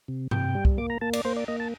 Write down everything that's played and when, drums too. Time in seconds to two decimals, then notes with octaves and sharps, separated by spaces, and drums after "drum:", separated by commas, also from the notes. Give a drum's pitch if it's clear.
0.08 C3
0.31 C3 G5, drum: tom G2
0.55 G3
0.65 drum: kick
0.78 A#3 D6
0.90 A#5
1.01 A#3 A5
1.13 D5, drum: cymbal
1.25 A#3 C5
1.36 D5
1.48 A#3 D#5
1.60 A5